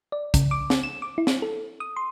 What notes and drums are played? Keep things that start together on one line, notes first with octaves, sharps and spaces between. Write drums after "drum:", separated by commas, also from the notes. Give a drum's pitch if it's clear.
D5
C#3, drum: kick, hi-hat
D6
drum: snare
E7
D6
E4
drum: snare
A4
D#6
C6